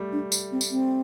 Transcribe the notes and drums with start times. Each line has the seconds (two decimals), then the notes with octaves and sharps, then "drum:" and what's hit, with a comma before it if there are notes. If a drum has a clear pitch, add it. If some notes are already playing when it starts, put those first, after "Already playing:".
Already playing: G3 A3
0.12 D4
0.32 drum: tambourine
0.52 C4
0.61 drum: tambourine
0.71 C4